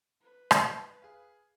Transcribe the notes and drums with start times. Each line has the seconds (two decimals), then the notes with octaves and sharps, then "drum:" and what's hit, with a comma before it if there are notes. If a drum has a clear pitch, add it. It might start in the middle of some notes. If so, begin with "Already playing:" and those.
0.22 B4
0.51 drum: rim click
1.02 G#4 F5